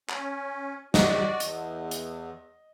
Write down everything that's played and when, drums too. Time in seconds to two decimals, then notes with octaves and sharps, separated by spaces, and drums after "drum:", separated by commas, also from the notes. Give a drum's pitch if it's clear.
0.10 C#4, drum: clap
0.94 F#4 D5 D#5, drum: snare
1.40 E2, drum: hi-hat
1.91 drum: hi-hat